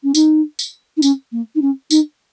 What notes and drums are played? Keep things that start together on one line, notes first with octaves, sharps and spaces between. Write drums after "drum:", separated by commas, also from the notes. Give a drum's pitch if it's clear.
C#4
D#4, drum: tambourine
drum: tambourine
D#4
C#4, drum: tambourine
A#3
D#4
C#4
D#4, drum: tambourine